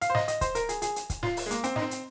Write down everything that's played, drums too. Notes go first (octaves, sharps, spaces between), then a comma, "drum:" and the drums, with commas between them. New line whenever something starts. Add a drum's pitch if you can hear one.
F5, drum: hi-hat
C5
D#5, drum: snare
D#5, drum: hi-hat
C5, drum: kick, hi-hat
A#4, drum: hi-hat
G#4, drum: hi-hat
G#4, drum: hi-hat
drum: hi-hat
drum: kick, hi-hat
F4, drum: snare
drum: open hi-hat
G#3
A#3, drum: hi-hat
C4, drum: hi-hat
D#4, drum: snare
C4
drum: hi-hat